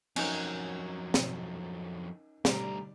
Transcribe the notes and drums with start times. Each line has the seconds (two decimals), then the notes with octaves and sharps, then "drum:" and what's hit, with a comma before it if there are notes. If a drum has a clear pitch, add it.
0.16 F2 F#3 C#4 D#4 A#4 G#5 G6, drum: cymbal
1.14 drum: snare
2.45 D2 G3 D5 A#5, drum: snare